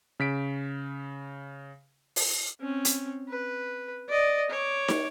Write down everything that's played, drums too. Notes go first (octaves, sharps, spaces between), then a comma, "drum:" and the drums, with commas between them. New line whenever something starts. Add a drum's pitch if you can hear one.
C#3 B6 D7
drum: open hi-hat
C4 C#4
drum: hi-hat
B4
D5 D#5
C#5 D6
drum: snare